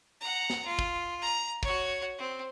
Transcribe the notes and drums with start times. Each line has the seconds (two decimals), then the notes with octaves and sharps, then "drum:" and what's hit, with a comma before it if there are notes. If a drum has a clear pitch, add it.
0.21 F#5 A#5
0.50 drum: snare
0.65 F4
0.79 drum: kick
1.22 A#5
1.63 F#4 C#5, drum: kick
2.18 C4